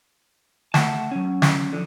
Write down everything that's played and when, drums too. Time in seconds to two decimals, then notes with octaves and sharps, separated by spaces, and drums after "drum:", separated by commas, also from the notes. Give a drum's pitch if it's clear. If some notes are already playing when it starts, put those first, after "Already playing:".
0.74 A3 F#5 A5, drum: snare
1.11 F#3 C#4
1.42 drum: snare
1.73 D3 F3